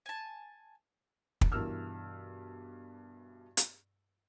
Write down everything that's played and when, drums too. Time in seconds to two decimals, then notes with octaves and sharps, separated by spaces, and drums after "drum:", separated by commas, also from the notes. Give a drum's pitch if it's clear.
0.06 G#5 A5
1.41 drum: kick
1.52 G2 B2 E3 A#4 E6 F6
3.57 drum: hi-hat